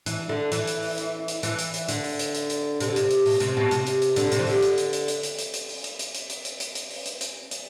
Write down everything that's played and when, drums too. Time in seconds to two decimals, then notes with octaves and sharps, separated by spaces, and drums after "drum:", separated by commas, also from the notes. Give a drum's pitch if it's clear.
0.06 E3, drum: hi-hat
0.29 D3
0.52 E3, drum: hi-hat
0.67 drum: hi-hat
0.83 drum: open hi-hat
0.98 drum: hi-hat
1.28 drum: hi-hat
1.43 E3, drum: hi-hat
1.59 drum: hi-hat
1.74 drum: hi-hat
1.89 D3, drum: hi-hat
2.04 drum: open hi-hat
2.19 drum: hi-hat
2.35 drum: hi-hat
2.50 drum: hi-hat
2.80 C3, drum: hi-hat
2.88 D3
2.96 C3, drum: hi-hat
3.11 drum: hi-hat
3.26 B2, drum: open hi-hat
3.40 C3, drum: hi-hat
3.57 B2
3.71 C3, drum: hi-hat
3.87 drum: hi-hat
4.02 drum: hi-hat
4.16 D3, drum: hi-hat
4.32 C3, drum: hi-hat
4.39 E3
4.47 D3, drum: open hi-hat
4.63 drum: hi-hat
4.78 drum: hi-hat
4.93 drum: hi-hat
5.08 drum: hi-hat
5.23 drum: hi-hat
5.39 drum: hi-hat
5.54 drum: hi-hat
5.69 drum: open hi-hat
5.84 drum: hi-hat
5.99 drum: hi-hat
6.15 drum: hi-hat
6.30 drum: hi-hat
6.45 drum: hi-hat
6.60 drum: hi-hat
6.75 drum: hi-hat
6.91 drum: open hi-hat
7.06 drum: hi-hat
7.21 drum: hi-hat
7.51 drum: hi-hat